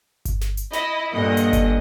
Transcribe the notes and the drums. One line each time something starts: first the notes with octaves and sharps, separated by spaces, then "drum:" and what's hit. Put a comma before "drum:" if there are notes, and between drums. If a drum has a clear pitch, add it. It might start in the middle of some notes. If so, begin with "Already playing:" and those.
drum: kick G1, hi-hat
drum: snare
drum: hi-hat
E4 D#5, drum: snare
G2 A#2 D3 D#5
drum: hi-hat
drum: kick G1, hi-hat